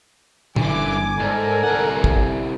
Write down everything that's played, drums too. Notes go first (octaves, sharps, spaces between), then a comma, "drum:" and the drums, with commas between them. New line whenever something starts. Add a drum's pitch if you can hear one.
G1 D3 E3 G#5 D6, drum: tom A#2
G#2 A4 A#4 D5
C2 F#5
drum: kick